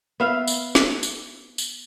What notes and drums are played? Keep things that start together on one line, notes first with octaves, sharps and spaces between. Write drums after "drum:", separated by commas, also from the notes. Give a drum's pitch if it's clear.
B3 E5 F5
drum: tambourine
drum: snare
drum: tambourine
drum: tambourine